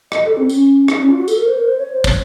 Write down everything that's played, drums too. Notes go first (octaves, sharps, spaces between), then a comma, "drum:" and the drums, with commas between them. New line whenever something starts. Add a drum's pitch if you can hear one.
D#5, drum: rim click
A4
C4
C#4, drum: tambourine
D#4, drum: rim click
C#4
F4
F#4
A4, drum: tambourine
A#4
C5
A#4
C5
C#5
C5
C#5, drum: kick, tambourine